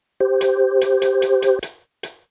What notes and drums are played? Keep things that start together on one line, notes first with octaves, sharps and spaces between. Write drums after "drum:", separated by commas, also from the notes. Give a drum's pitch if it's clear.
G4 C5
drum: hi-hat
drum: hi-hat
drum: hi-hat
drum: hi-hat
drum: hi-hat
drum: hi-hat
drum: hi-hat